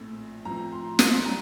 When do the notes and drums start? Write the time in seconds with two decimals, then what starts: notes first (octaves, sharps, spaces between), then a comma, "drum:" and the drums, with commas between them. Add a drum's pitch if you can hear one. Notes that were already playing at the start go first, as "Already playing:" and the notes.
Already playing: A#1 A2 A3 C4
0.45 A2 F3 C4 A#5
0.72 C6
0.99 C6, drum: snare
1.25 G3 A#5